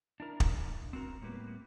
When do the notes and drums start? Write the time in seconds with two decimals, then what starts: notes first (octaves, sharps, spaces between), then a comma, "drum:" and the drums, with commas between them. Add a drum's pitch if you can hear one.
0.20 D4 E4 A#4
0.40 drum: kick
0.93 C4 F#4 A#4
1.21 A2 G3 A#3 B3